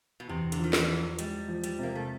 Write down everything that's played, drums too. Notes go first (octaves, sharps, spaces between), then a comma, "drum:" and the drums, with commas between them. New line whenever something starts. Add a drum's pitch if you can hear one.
B2
E2 C3
D3, drum: hi-hat
D#3 F3
E3, drum: snare
F3
G3 G#3, drum: hi-hat
F3
G3, drum: hi-hat
C3 A#3
A3